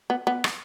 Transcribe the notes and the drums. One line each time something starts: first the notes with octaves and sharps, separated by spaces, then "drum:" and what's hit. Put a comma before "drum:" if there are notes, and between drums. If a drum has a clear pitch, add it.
B3
B3
drum: rim click